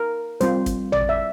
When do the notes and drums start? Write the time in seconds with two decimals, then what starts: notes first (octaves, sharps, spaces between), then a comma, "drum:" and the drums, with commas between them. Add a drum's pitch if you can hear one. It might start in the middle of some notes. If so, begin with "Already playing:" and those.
Already playing: A#4
0.41 G3 C4 F4 C5, drum: hi-hat
0.66 drum: kick, hi-hat
0.92 D5, drum: tom A1
1.09 E5